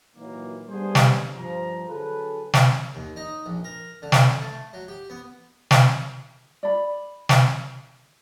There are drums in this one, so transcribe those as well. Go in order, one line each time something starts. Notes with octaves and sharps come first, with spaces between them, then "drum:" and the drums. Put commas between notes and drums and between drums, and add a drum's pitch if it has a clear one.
A#2 D#3 E3 F#3 A#3
G3 A3 B3 D4 G#4 C5
drum: snare
G2 F3 A#5
D3 F#3 G#4 A4 B4
drum: snare
D#2
D#4
A#1
A#4
D3
drum: snare
A3
F#3
G4
B3
drum: snare
D5 B5
drum: snare